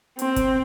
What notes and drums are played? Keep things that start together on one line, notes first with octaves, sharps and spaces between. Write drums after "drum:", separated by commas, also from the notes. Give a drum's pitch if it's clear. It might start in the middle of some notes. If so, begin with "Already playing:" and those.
C4, drum: hi-hat
drum: kick, hi-hat